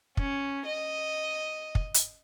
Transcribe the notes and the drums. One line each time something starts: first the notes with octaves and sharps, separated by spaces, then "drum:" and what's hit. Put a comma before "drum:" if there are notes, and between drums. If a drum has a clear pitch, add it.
C#4, drum: kick
D#5
drum: kick
drum: hi-hat